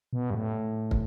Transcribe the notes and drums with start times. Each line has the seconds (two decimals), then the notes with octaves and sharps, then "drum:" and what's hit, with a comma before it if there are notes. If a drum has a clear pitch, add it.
0.13 B2
0.30 G2
0.35 A2
0.91 drum: kick